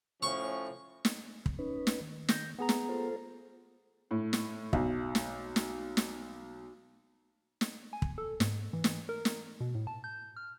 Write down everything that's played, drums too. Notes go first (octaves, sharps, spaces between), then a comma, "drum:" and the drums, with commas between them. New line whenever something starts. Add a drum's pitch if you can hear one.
A2 F3 C#4 C#6
drum: snare
drum: kick
C#4 D#4 B4
drum: snare
D#3
G6 A#6, drum: snare
B3 G#4 A#5
drum: snare
F4 A4 C5
A2
drum: snare
B1, drum: kick
drum: snare
drum: snare
drum: snare
drum: snare
G#5
drum: kick
A4
G#2, drum: snare
E3
drum: snare
A#4
drum: snare
B2
A2
A5
G6
F6